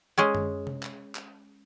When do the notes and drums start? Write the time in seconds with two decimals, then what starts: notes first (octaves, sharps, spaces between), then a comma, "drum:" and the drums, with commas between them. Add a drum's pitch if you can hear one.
0.18 G#3 C#4 G#4
0.35 drum: tom F#2
0.67 drum: tom C3
0.83 drum: clap
1.15 drum: clap